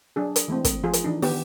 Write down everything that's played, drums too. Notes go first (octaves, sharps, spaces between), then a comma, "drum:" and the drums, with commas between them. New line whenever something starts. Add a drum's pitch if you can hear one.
F#3 D4 G#4
drum: hi-hat
E3 G#3 A3 C4
drum: kick, hi-hat
F3 F4 G#4
drum: hi-hat
E3 D4 D#4
D#3 B3 G4, drum: open hi-hat